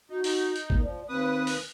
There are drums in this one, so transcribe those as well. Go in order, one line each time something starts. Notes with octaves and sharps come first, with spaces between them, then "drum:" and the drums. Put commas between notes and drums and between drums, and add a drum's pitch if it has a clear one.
D#4 F#4
D#4, drum: open hi-hat
drum: hi-hat
A#3, drum: kick G1
F3 D5
D#2 C4 B4 D#6
drum: open hi-hat